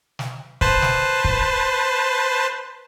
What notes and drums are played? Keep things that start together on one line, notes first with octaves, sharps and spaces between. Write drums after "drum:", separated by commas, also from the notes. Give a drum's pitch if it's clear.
drum: snare
B4 C5 A5, drum: kick
drum: snare
drum: kick